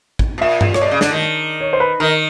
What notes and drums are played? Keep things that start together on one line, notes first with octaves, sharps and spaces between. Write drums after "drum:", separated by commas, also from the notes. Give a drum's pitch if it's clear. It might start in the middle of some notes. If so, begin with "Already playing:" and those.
drum: kick
B2
A#2 E5
drum: tom G2
C#5, drum: rim click
B2 D5
C#3
D3, drum: snare
D#3
C#5
C5
B4
D#3 A#4